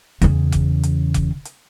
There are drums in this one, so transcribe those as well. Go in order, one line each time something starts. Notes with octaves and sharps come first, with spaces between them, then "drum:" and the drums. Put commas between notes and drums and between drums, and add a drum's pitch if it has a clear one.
E2 C#3, drum: hi-hat
drum: kick F1, hi-hat
drum: hi-hat
drum: kick F1, hi-hat
drum: hi-hat